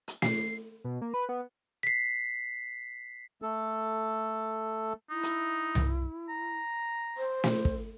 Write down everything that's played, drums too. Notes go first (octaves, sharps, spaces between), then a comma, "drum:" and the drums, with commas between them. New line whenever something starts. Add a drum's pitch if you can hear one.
drum: hi-hat
C7, drum: snare
B2
A#3
B4
B3
B6 C7
A3 A4
D#4 E4
drum: hi-hat
drum: tom C2
A#5
C5
drum: snare
drum: kick